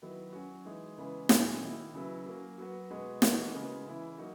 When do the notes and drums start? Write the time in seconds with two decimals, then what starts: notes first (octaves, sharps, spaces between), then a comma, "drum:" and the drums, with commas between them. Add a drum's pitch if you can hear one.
0.02 D#3 F#3 B3 E4
0.33 F#3 C#4 F#4
0.65 E3 G#3 D#4
0.97 C#3 E3 G#3 B3
1.29 A#2 F#3 C#4 E4, drum: snare
1.61 D#3 A#3 E4
1.93 C#3 F#3 B3 E4
2.26 F#3 A#3 C#4
2.58 F#3 B3 F#4
2.90 B2 G#3 B3 F#4
3.22 E3 A#3 D#4 F#4, drum: snare
3.54 C#3 G#3 B3
3.86 C#3 E3 B3 E4
4.18 F#3 A#3 D#4 F#4